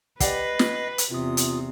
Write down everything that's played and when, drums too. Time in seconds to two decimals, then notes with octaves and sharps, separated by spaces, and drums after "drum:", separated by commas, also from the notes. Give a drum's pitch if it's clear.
0.20 G4 B4 D5 D#5 F#5 A#6 C7, drum: kick, hi-hat
0.59 drum: snare
0.98 drum: hi-hat
1.12 E2 C3 F4 D#6
1.37 drum: hi-hat